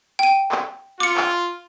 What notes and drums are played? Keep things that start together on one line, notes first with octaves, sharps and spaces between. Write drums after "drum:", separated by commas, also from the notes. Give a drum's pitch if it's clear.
G5 D#7
drum: clap
F4 D6 C#7
drum: clap